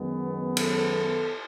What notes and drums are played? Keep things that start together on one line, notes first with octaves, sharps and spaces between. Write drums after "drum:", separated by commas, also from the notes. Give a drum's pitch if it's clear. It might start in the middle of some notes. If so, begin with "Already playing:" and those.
Already playing: F#2 D#3 G#3 B3
A4, drum: cymbal